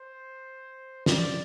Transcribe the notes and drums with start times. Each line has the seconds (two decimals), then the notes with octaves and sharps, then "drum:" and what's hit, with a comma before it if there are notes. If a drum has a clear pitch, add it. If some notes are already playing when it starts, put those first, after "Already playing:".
Already playing: C5
1.06 D5, drum: snare